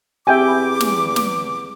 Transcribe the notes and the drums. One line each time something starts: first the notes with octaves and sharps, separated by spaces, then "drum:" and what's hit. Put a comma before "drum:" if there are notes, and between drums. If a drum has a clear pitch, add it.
E2 C4 G4 E5 G5 G#5 D6
B5
drum: snare
drum: snare